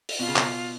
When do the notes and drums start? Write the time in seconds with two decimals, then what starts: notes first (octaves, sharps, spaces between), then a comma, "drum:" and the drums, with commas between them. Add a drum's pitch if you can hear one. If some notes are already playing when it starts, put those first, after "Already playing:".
0.09 drum: open hi-hat
0.19 B2 F4
0.28 C#3
0.36 B2, drum: clap